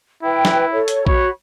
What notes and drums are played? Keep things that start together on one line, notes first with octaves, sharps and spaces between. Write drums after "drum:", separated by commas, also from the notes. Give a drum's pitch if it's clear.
E4 B4 G5
drum: snare
A4 C#5
drum: hi-hat
F#4 C#5 B5, drum: kick A#1